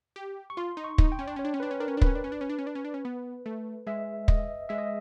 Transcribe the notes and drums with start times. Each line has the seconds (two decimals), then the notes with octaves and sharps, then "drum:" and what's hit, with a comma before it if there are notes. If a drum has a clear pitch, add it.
0.16 G4
0.50 C#6
0.57 F4 C6
0.77 D#4
0.84 C#6
0.98 D#4, drum: kick
1.12 G5
1.19 C#4
1.27 D4
1.36 C#4 C#5
1.45 D4
1.54 C#4
1.60 D4 B4
1.71 C#4
1.80 D4 A#4
1.88 C#4
1.97 D4
2.01 C#4 B4, drum: kick
2.15 D4
2.24 C#4
2.32 D4
2.41 C#4
2.50 D4
2.59 C#4
2.67 D4
2.75 C#4
2.85 D4
2.94 C#4
3.05 B3
3.46 A3
3.87 G#3 E5
4.28 D#5, drum: kick
4.69 G#3 E5
4.78 D#5